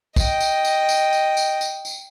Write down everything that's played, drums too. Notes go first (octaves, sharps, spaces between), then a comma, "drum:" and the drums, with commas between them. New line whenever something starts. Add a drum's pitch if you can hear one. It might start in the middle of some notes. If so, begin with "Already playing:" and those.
D#5 G5, drum: kick, tambourine
drum: tambourine
drum: tambourine
drum: tambourine
drum: tambourine
drum: tambourine
drum: tambourine
drum: tambourine